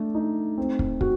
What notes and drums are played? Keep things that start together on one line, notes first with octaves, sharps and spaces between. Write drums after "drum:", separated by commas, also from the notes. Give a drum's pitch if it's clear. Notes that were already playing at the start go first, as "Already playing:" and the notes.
Already playing: A3 D4
D#4
C4
drum: kick
F#4, drum: kick